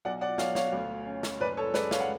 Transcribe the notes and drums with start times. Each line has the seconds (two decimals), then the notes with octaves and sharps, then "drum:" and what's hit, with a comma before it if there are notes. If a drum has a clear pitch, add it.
0.05 B1 D5 F#5
0.21 D5 F#5
0.38 B1 C#5 F5, drum: snare
0.55 C#5 F5, drum: snare
0.72 D2
1.06 C#4
1.23 drum: snare
1.40 F#1 B4 D5
1.57 A4 C#5
1.74 G#3 B4 D5, drum: snare
1.91 C#5 F5, drum: snare
2.00 F#5